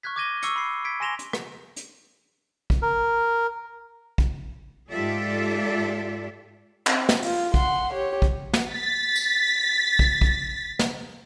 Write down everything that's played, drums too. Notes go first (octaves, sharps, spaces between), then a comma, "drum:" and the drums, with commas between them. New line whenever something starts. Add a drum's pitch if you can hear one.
C#6 F6 F#6 G#6 B6
D6 F#6 G#6 A#6 D#7 G7
C#6 E6 C7 C#7, drum: hi-hat
B5 C7
G#6 B6 C#7 D7
G#5 C6 A#6 E7 F7 G7
drum: hi-hat
drum: rim click
drum: hi-hat
drum: kick
A#4
drum: kick
G#2 F4 G4 A4 D5 E5
C4, drum: clap
drum: snare
F4, drum: open hi-hat
F#5 C6, drum: kick
G4 C#5
drum: kick
drum: snare
A6 B6
drum: tambourine
drum: kick
drum: kick
drum: snare